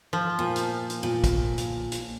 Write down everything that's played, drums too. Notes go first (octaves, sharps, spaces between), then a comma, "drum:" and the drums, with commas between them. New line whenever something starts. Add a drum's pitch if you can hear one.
F3
A#2
drum: hi-hat
drum: hi-hat
A#2
drum: kick, hi-hat
drum: hi-hat
drum: hi-hat